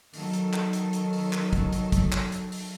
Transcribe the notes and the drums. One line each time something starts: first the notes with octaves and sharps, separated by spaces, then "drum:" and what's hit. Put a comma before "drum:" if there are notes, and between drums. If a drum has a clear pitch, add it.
D#3 F#3 A4, drum: open hi-hat
drum: hi-hat
drum: clap
drum: hi-hat
drum: hi-hat
drum: open hi-hat
drum: clap
drum: kick, hi-hat
drum: hi-hat
drum: kick, hi-hat
drum: clap
drum: hi-hat
drum: open hi-hat